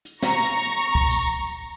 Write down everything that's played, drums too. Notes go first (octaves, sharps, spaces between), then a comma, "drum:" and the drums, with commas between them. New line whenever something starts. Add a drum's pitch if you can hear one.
drum: hi-hat
A#5 C#6, drum: snare
drum: kick
drum: tambourine